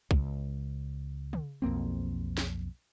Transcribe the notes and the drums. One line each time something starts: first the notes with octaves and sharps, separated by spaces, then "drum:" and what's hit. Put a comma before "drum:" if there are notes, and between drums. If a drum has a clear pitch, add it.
C#2, drum: kick
drum: tom
B1 F2 A#3 C4
drum: snare